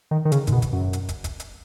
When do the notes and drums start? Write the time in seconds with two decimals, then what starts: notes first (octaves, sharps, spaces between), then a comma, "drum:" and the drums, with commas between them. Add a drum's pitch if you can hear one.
0.11 D#3
0.25 D#3
0.32 C#3, drum: hi-hat
0.47 G#2, drum: kick, hi-hat
0.52 B2
0.62 drum: kick, hi-hat
0.73 F#2
0.93 drum: hi-hat
1.09 drum: kick, hi-hat
1.24 drum: kick, hi-hat
1.40 drum: hi-hat